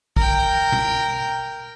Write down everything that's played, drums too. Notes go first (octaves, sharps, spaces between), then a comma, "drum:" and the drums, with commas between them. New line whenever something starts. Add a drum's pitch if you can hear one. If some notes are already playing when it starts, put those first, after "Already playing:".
A#4 G5, drum: kick
drum: tom